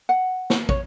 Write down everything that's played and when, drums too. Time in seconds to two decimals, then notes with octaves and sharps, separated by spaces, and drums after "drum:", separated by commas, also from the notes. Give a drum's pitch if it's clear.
0.09 F#5
0.50 drum: snare
0.69 C#5, drum: kick